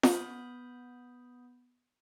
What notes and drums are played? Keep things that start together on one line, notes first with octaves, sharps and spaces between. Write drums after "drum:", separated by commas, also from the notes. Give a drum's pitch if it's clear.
B3 B5 D#6 G6, drum: snare F4